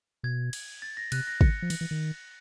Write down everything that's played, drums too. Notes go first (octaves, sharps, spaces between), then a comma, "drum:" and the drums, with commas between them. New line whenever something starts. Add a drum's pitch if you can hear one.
B2 G#6
drum: cymbal
A6
A#6
C3 F#6, drum: cymbal
A#6
D3 C#7, drum: kick
F3
E3, drum: cymbal
E3
D#3